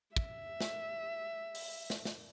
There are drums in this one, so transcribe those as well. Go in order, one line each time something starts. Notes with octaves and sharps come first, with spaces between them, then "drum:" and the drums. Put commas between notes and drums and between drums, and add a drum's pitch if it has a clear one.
E5, drum: kick
drum: snare
drum: open hi-hat
drum: snare
drum: snare